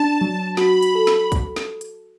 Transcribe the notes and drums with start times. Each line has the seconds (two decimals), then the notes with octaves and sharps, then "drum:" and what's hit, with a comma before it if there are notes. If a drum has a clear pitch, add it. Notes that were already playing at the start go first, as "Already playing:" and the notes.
Already playing: D4 A5
0.21 F#3
0.57 F#4 B5, drum: snare
0.82 drum: hi-hat
0.95 A4
1.07 drum: snare
1.32 drum: kick, hi-hat
1.56 drum: snare
1.81 drum: hi-hat